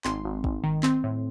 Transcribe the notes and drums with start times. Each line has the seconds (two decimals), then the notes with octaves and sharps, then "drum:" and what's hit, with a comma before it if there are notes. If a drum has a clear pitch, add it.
0.04 G#1 C6, drum: clap
0.25 G#1
0.44 G#1, drum: kick
0.64 D#3
0.83 C4 C6, drum: clap
1.04 A2